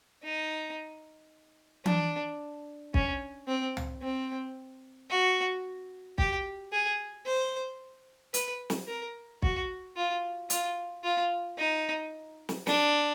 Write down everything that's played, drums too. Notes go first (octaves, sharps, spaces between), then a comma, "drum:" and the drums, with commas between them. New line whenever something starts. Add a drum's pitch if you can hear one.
D#4
D4, drum: tom E3
C#4, drum: kick
C4
drum: tom
C4
F#4
G4, drum: kick
G#4
C5
B4, drum: hi-hat
drum: snare
A#4
F#4, drum: kick
F4
F4, drum: hi-hat
F4
D#4
drum: snare
D4, drum: snare